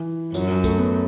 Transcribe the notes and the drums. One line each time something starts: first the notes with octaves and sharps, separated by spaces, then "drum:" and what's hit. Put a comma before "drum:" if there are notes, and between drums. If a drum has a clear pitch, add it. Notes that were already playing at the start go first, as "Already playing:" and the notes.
Already playing: E3
F#2 F#3, drum: tambourine
F#3
A3, drum: kick C2, tambourine
B3